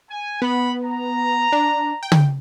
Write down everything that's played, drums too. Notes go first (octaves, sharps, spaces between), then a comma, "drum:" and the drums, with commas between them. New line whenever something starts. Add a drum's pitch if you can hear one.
G#5
B3 F#5 B5
A#5
D4
G5
drum: tom